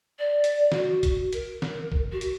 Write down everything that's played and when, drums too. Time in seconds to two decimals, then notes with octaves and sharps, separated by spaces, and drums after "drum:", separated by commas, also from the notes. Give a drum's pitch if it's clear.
0.18 D5
0.44 drum: hi-hat
0.72 F#4, drum: snare
1.03 drum: kick, hi-hat
1.33 A#4, drum: hi-hat
1.62 drum: snare
1.92 drum: kick
2.12 F#4
2.21 drum: hi-hat